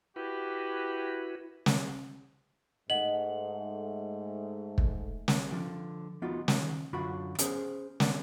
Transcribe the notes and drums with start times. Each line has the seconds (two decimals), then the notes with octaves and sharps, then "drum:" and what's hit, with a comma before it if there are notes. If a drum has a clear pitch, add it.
0.16 E4 F#4 G4 B4
1.66 drum: snare
2.90 G#2 A3 D#5 F#5 F#7
4.78 drum: kick
5.28 drum: snare
5.51 D3 F3 G5
6.22 F3 B3 D#4 F4 F#4
6.48 D#3, drum: snare
6.93 F#2 D3 F4 F#4 B5
7.39 B3 C#4 G#4 C5, drum: hi-hat
8.00 D3 B3 D5, drum: snare